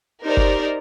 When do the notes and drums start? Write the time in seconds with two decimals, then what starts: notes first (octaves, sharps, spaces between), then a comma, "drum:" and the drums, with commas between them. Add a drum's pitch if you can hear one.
0.24 D#4 G4 A#4 C5 D5
0.37 drum: kick F#1